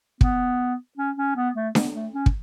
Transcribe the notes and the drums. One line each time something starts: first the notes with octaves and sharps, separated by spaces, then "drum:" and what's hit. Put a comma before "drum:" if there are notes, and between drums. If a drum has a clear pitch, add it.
B3, drum: kick
C#4
C#4
B3
A3
B3, drum: snare D4
A3
C#4
drum: kick